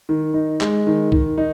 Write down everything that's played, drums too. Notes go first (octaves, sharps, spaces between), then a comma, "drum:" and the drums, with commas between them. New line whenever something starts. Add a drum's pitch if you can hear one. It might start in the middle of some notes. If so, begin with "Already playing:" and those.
D#3
D#4
G#3, drum: clap
D#3
D#3, drum: kick C2
D#4